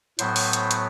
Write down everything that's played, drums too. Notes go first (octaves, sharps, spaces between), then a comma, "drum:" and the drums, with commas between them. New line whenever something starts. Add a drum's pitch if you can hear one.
A2 F#3 B3 C5, drum: hi-hat
drum: open hi-hat
drum: hi-hat
drum: hi-hat